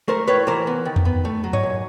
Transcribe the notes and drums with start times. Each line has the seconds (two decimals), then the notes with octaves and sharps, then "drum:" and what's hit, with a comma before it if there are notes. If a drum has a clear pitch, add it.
0.08 A3 A#4 C5
0.27 A2 B4 C#5
0.47 E3 A#4 C5
0.67 B3
0.85 D#3
0.96 drum: tom E2
1.05 B3
1.25 A3
1.44 F#3
1.53 C#5 D#5, drum: tom G2
1.63 A#2